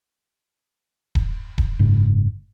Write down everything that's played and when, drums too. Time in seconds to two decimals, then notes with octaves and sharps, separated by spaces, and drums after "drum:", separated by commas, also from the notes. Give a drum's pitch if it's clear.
1.15 drum: kick D#1
1.58 drum: kick D#1
1.79 F#1 G#2 C#3